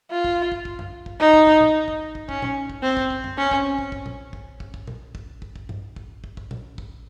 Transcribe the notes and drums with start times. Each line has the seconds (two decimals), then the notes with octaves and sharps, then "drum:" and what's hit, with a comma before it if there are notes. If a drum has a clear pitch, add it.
0.11 F4
0.24 drum: kick
0.52 drum: kick
0.65 drum: kick
0.79 drum: tom F#2
1.06 drum: kick
1.20 D#4
1.33 drum: kick
1.47 drum: kick
1.61 drum: tom
1.88 drum: kick
2.15 drum: kick
2.29 C#4, drum: kick
2.42 drum: tom
2.70 drum: kick
2.83 C4
2.97 drum: kick
3.10 drum: kick
3.24 drum: tom F#2
3.38 C#4
3.51 drum: kick
3.78 drum: kick
3.92 drum: kick
4.06 drum: tom
4.33 drum: kick
4.60 drum: kick
4.74 drum: kick
4.87 drum: tom
5.15 drum: kick
5.42 drum: kick
5.56 drum: kick
5.69 drum: tom
5.96 drum: kick
6.24 drum: kick
6.37 drum: kick
6.51 drum: tom
6.78 drum: kick